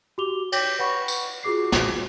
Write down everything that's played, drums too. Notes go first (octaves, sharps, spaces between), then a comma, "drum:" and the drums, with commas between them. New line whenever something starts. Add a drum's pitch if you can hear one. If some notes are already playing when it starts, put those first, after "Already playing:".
F#4 G4 D6 F7 G7
C#5 G5 D6 G6 A#6 B6, drum: cymbal
B4 F#5 B5 C#6
drum: tambourine
F4 F#4 G#4 D6 C7
drum: snare